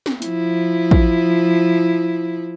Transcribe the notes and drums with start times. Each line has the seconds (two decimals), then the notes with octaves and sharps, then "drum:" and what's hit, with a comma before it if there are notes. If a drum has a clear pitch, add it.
0.06 drum: snare
0.22 F3 E4, drum: hi-hat
0.91 drum: kick A1